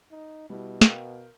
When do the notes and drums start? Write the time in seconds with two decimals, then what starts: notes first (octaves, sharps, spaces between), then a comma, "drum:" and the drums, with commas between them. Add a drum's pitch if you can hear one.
0.11 D#4
0.50 B2 G3 E4
0.81 A#4 F5 G5, drum: snare